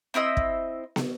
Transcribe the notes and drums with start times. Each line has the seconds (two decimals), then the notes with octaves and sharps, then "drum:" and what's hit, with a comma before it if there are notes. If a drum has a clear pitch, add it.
0.14 C4 E4 D#5 E6
0.37 drum: kick
0.96 drum: snare